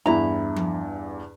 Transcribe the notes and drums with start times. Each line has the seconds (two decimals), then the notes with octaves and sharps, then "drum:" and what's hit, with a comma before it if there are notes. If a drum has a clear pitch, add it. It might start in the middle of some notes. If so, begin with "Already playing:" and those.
0.06 E2 G2 E4 A#5
0.56 drum: tom F3